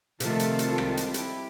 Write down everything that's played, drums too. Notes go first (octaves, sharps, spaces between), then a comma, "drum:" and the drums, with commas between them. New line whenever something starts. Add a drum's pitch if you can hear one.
C3 D#3 F3 A3 F4 A4, drum: hi-hat
drum: hi-hat
drum: hi-hat
G3 G#3
drum: rim click
drum: hi-hat
E4 G4, drum: hi-hat